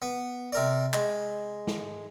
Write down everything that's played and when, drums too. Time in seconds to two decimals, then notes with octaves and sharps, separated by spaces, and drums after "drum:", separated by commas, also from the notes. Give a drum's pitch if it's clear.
0.02 B3
0.52 C3 A#4 D5
0.94 G#3, drum: clap
1.67 drum: snare